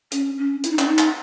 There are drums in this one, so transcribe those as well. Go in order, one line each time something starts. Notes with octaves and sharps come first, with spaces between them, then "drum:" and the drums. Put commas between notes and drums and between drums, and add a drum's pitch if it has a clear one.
C#4, drum: hi-hat
C#4
E4, drum: hi-hat
D#4
C#4, drum: clap
D#4
drum: clap